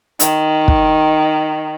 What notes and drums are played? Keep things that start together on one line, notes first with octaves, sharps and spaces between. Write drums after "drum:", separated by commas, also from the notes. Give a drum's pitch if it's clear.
D#3, drum: hi-hat
drum: kick